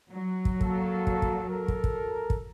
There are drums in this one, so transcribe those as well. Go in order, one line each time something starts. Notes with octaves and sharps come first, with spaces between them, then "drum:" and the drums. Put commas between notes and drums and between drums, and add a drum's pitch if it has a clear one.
F#3
drum: kick
A#3 A4, drum: kick
drum: kick
drum: kick
A4 A#4
drum: kick
drum: kick
drum: kick